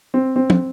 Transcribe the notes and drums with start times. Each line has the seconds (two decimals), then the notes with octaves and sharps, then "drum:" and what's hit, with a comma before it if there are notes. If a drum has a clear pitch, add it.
0.14 C4
0.36 C4
0.50 drum: tom